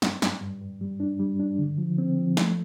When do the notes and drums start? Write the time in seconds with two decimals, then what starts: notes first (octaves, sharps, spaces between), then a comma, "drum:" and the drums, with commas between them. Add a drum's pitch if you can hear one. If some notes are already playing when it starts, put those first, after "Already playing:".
0.02 G2, drum: snare
0.22 G2, drum: snare
0.41 G2
0.61 G2
0.81 G3
1.00 D4
1.20 G3
1.39 D4
1.59 D3
1.78 F3
1.98 C4
2.17 F3
2.37 A3, drum: snare